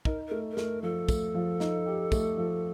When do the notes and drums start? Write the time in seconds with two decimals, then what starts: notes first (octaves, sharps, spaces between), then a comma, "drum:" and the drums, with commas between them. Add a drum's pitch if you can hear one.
0.05 D#4 A#4, drum: kick
0.28 A3 A#4
0.52 A#4
0.57 A3, drum: snare
0.82 F3 A4
1.09 A3, drum: kick, tambourine
1.34 F3
1.60 D#4, drum: snare
1.86 G4
2.12 A3, drum: kick, tambourine
2.37 F3